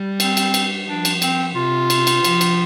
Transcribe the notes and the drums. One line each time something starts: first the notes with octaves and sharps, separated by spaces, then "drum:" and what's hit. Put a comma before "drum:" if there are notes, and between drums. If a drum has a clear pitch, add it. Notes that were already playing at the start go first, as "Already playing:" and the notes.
Already playing: G3
C4, drum: cymbal
drum: cymbal
drum: cymbal
F3 D4
drum: cymbal
C4, drum: cymbal
C3 F4
drum: cymbal
drum: cymbal
F3, drum: cymbal
drum: cymbal